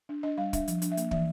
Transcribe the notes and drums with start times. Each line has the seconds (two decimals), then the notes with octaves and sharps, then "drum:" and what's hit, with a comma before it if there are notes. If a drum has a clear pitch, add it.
0.09 D4
0.23 D4 D#5
0.38 G3 F5
0.53 D4 E5, drum: kick, hi-hat
0.68 F3, drum: hi-hat
0.82 D4, drum: hi-hat
0.92 E5
0.97 A#3, drum: hi-hat
1.11 E3 E5, drum: kick